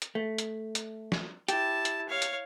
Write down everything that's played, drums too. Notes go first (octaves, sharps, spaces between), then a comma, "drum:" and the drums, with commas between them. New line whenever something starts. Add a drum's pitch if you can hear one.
drum: hi-hat
A3
drum: hi-hat
drum: hi-hat
drum: snare
E4 G4 A5, drum: hi-hat
drum: hi-hat
C#5 F5
drum: hi-hat